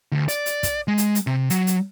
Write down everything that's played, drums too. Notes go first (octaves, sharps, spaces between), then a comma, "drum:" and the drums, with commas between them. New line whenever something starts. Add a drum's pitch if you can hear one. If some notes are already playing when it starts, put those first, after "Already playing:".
D2
D5, drum: hi-hat
drum: hi-hat
drum: kick, hi-hat
G#3
drum: hi-hat
drum: hi-hat
C3
F#3, drum: hi-hat
drum: hi-hat